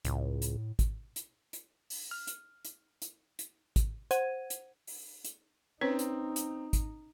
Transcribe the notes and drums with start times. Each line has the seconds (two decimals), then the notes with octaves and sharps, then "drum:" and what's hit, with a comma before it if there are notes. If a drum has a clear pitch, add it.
0.05 C#2 A2, drum: hi-hat
0.42 drum: hi-hat
0.79 drum: kick G#1, hi-hat
1.16 drum: hi-hat
1.53 drum: hi-hat
1.90 drum: open hi-hat
2.11 F6
2.27 drum: hi-hat
2.65 drum: hi-hat
3.02 drum: hi-hat
3.39 drum: hi-hat
3.76 drum: kick G#1, hi-hat
4.11 C5 F#5 G#6 D#7, drum: hi-hat
4.50 drum: hi-hat
4.87 drum: open hi-hat
5.25 drum: hi-hat
5.81 C4 C#4 D#4 B4 C#5
5.99 drum: hi-hat
6.36 drum: hi-hat
6.73 drum: kick G#1, hi-hat